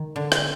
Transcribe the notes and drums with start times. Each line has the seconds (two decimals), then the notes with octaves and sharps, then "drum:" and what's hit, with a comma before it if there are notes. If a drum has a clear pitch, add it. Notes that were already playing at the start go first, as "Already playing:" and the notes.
Already playing: D#3
0.16 D3
0.32 drum: rim click